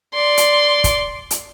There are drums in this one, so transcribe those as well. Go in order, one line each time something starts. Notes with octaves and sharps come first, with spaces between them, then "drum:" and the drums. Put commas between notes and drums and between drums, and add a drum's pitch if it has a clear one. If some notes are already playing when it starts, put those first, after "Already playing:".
D5 C6
drum: hi-hat
drum: kick, hi-hat
drum: hi-hat